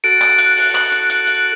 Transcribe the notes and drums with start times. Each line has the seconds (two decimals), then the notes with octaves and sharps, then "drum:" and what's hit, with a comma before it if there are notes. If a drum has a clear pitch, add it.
0.04 F#4 A4 D7
0.22 drum: clap
0.39 F#6, drum: hi-hat
0.57 drum: open hi-hat
0.75 F#7, drum: clap
0.92 drum: hi-hat
1.10 F#6, drum: hi-hat
1.27 drum: hi-hat